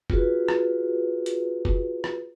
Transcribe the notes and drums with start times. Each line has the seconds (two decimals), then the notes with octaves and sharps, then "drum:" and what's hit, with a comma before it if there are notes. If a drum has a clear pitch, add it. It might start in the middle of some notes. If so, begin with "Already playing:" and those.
0.10 F4 F#4 G#4 B4, drum: kick F1
0.48 drum: rim click
1.26 drum: hi-hat
1.65 drum: kick F1
2.04 drum: rim click